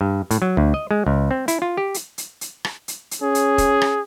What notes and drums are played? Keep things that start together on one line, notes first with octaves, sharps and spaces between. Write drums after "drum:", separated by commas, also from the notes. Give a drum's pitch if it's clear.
G2
A2, drum: hi-hat
F#3
D2
D#5
G#3
C#2
C4
E4, drum: hi-hat
F4
G4
drum: hi-hat
drum: hi-hat
drum: hi-hat
drum: rim click
drum: hi-hat
drum: hi-hat
C#4 G#4
drum: hi-hat
drum: kick E1, hi-hat
drum: rim click